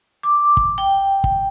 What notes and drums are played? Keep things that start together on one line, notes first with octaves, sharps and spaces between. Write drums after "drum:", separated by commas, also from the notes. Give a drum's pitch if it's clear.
D6
drum: kick
G5
drum: kick